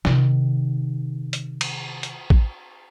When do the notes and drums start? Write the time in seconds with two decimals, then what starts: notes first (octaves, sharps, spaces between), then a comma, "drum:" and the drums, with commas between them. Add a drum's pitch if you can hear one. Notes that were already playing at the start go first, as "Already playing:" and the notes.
0.05 C3 D#3, drum: snare
1.33 drum: hi-hat
1.61 drum: cymbal
2.03 drum: hi-hat
2.30 drum: kick